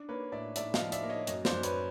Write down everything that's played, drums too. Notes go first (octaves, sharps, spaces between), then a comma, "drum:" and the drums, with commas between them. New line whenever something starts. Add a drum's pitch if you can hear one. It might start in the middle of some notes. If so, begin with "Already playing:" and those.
Already playing: D4
A#3 B4 C#5
A2 D5 E5
A2 D5 E5, drum: hi-hat
D#5 F5, drum: snare
F3
D5 E5, drum: hi-hat
A#3
C#5 D#5
F#2 C#5 D#5, drum: hi-hat
C5 D5, drum: snare
F#2
B4 C#5, drum: hi-hat